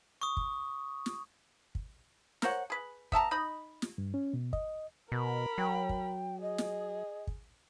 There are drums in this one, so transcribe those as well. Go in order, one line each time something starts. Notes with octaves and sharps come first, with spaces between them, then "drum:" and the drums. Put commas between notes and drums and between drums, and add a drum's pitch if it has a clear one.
C#6 D#6
drum: kick
drum: snare
drum: kick
A#4 C5 C#5 F#5, drum: snare
G#4 B4
B3 E5 A5 A#5, drum: kick
D#4 D#5 B5
drum: snare
G2
C#4
B2
D#5, drum: kick
B2 A#4 B5
F#3 G5
drum: kick
G#4 D#5
drum: snare
drum: kick